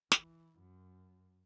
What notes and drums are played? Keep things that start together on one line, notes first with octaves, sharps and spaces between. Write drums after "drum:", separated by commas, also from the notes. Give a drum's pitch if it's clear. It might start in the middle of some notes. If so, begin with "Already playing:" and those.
E3, drum: snare
F#2